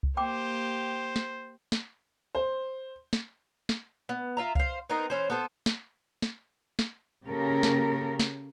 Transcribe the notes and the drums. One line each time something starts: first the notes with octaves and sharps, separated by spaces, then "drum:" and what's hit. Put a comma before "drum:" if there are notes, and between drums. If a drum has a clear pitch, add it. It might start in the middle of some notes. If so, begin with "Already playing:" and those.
drum: kick C2
A#3 G4 C5 G5 D6
drum: snare
drum: snare
C5
drum: snare
drum: snare
B3
F4 E5 A#5
C5 F5, drum: kick C2
B3 C4 D#4 A#4
E3 C#4 C5
B3 A4 C5
drum: snare
drum: snare
drum: snare
C#3 A#3 C#4 G4 A4 A#4
drum: snare
drum: snare